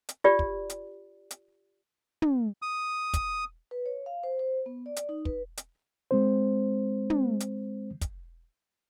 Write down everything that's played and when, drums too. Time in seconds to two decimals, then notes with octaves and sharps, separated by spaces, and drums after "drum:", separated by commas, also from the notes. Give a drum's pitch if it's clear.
0.09 drum: hi-hat
0.24 F4 G4 D5
0.39 drum: kick
0.70 drum: hi-hat
1.31 drum: hi-hat
2.22 drum: tom
2.62 D#6
3.14 drum: kick, hi-hat
3.71 B4
3.86 C#5
4.06 F5
4.24 C5
4.39 C5
4.66 B3
4.86 D5
4.96 drum: hi-hat
5.09 D#4
5.25 B4, drum: kick
5.57 drum: hi-hat
6.11 G#3 C4 C5
7.10 drum: tom
7.40 drum: hi-hat
8.01 drum: kick, hi-hat